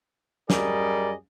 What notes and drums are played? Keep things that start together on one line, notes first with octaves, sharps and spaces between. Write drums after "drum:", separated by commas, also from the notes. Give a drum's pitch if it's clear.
F#2 G3 G#4 A#4 D5 D#5, drum: snare